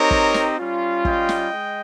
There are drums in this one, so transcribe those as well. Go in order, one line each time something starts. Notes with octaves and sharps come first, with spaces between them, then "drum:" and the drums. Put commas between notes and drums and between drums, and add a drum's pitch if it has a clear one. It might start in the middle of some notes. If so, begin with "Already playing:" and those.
Already playing: C4 D#4 G4 A#4 C#5
drum: kick
drum: snare
G3 C#4 F4
D#5 G5, drum: kick
drum: snare
G#3